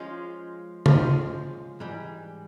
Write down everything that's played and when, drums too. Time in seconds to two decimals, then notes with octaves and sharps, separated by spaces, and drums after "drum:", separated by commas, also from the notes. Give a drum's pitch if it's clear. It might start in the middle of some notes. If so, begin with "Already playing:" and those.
Already playing: F3 G#3 C#4 F4
0.86 F3 G#3 C#4 F4, drum: tom C#3
1.80 G#2 E3 G3